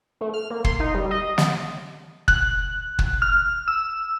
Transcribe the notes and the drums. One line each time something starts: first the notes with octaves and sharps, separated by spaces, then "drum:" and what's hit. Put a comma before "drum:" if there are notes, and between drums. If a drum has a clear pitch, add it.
A3
F6
A#3
C6, drum: kick
D#4
G3
D#5
drum: snare
F#6, drum: kick
drum: kick
F6
E6